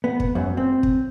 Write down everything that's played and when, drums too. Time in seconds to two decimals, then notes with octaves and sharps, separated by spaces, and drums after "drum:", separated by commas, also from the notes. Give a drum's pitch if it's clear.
0.04 B3
0.20 drum: kick
0.35 F#2
0.57 C4
0.83 drum: kick